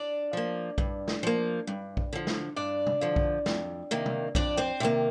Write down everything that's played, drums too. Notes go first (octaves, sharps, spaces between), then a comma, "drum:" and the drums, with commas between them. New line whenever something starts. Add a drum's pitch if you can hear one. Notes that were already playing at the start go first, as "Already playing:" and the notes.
Already playing: D4 D5
F3 A#3
G2, drum: kick A#1
drum: snare
F3 A#3
G2, drum: tom G3
drum: kick A#1
D3 F3
drum: snare
G2 D4 D5
drum: tom C3
D3 F3
drum: kick A#1
F2, drum: snare
C3 D#3 A#3
drum: tom C3
F2 D4 D5, drum: kick A#1
C4 C5
C3 D#3 A#3